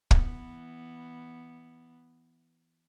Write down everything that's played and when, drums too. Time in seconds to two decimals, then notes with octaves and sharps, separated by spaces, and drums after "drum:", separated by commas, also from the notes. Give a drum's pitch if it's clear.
0.11 E3 B3, drum: kick